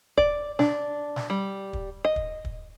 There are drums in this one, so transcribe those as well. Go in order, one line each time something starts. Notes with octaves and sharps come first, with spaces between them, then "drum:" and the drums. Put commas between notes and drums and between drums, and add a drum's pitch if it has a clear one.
D5, drum: kick
D4, drum: snare
drum: snare
G3
drum: kick
D#5
drum: kick
drum: kick